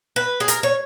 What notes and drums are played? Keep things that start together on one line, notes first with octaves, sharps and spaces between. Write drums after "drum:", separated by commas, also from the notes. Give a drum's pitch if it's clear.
B4
G#4
A#4, drum: hi-hat
C#5